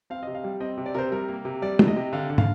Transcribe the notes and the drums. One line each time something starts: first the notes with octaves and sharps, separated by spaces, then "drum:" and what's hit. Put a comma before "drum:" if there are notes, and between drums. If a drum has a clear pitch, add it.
C4 F5
C3 D#5
F5
G3
C4 D#5
C3
D5
C3 A#4 C5
G3 A#4
A#3
C3
G3 D5
C3, drum: tom
D#5
C3
D3 F5
D3
F5, drum: tom